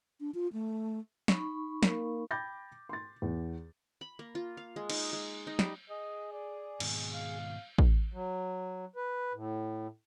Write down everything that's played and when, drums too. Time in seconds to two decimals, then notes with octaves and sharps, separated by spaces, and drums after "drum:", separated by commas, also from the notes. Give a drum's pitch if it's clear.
0.20 D4
0.35 F4
0.53 A3
1.28 D#4 B5 C#6, drum: snare
1.83 A#3, drum: snare
2.31 G5 B5 D6 G6 A6 A#6
2.89 C6 A6
3.22 E2
4.01 B5
4.19 A#3
4.35 F4
4.57 F5
4.76 G#3
4.90 D#4, drum: cymbal
5.13 G#3
5.47 D#4
5.59 G3, drum: snare
5.90 G#4 D#5
6.32 D5
6.80 G#2 B2 D#3, drum: cymbal
7.14 F5
7.78 drum: kick
8.13 F#3
8.96 B4
9.33 A2